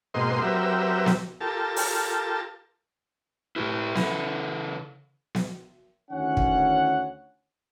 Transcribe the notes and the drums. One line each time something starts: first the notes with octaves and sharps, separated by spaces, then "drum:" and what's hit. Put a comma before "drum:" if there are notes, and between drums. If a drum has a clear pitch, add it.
G#2 B2 A#3 C4 D#5 C6
F#3 C4 G4 A#4 B4 E5
drum: snare B3
F4 G4 A4 A#4 A5
drum: open hi-hat
A2 E4 G4 B4
C#3 E4 A4 B4, drum: snare B3
drum: snare B3
D2 D#3 C#4 E4 C#5 F#5
drum: kick